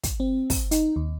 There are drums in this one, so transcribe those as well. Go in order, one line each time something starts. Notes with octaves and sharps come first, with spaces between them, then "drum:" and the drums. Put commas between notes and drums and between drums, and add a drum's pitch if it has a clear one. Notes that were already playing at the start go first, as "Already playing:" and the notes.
drum: kick, hi-hat
C4
drum: kick, open hi-hat
D#4, drum: hi-hat
D#2